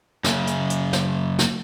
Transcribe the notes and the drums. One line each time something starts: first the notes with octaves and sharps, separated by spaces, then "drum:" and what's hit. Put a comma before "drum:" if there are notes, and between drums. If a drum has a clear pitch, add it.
F#2 C#3, drum: snare
drum: hi-hat
drum: hi-hat
drum: snare
drum: snare